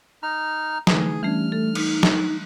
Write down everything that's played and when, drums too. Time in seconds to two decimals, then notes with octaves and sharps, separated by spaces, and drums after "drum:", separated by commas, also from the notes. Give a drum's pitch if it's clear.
0.23 D#4 A#5 F6
0.87 D3 E3 A3 D#4 G#4 B4, drum: snare
1.23 E3 G3 A3 C#4 D4 F6 G#6
1.52 A3 A4
1.75 D#4, drum: cymbal
2.03 drum: snare